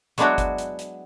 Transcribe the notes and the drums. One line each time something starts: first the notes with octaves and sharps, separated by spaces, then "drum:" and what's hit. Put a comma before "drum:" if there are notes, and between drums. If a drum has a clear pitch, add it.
F#3 G#3 B3 D4 E4 F#4, drum: hi-hat
drum: kick G1, hi-hat
drum: hi-hat
drum: hi-hat